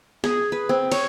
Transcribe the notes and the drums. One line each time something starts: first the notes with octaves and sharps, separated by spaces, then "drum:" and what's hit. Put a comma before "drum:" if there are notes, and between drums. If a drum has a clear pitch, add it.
G#4, drum: snare
B4
C4
C#5, drum: cymbal